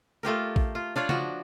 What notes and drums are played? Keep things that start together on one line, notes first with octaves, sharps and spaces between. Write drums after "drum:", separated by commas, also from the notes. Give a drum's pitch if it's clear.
A3 F4 G4 A#4
drum: kick
F4
D4 F4 C#5 D5
F3 F#4, drum: tom C#3